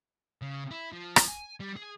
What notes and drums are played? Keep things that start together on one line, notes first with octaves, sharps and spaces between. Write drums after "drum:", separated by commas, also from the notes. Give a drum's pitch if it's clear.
C#3
E4
F3
drum: rim click
G#5
G3
G#4